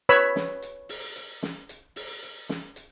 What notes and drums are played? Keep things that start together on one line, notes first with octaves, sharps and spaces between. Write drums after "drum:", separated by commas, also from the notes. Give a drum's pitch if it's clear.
B4 C#5 B5 E6, drum: hi-hat
drum: snare
drum: hi-hat
drum: open hi-hat
drum: hi-hat
drum: snare
drum: hi-hat
drum: open hi-hat
drum: hi-hat
drum: snare
drum: hi-hat